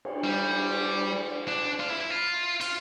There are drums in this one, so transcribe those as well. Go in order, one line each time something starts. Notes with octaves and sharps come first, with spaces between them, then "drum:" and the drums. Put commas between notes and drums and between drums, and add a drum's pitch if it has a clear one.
drum: cymbal
G3
D4
F4
E4
E4
F4
F4, drum: cymbal